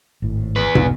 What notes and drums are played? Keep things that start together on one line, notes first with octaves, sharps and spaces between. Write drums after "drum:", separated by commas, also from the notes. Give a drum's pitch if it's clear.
G#1 A2
E2 B4
F1 C2 B2, drum: tom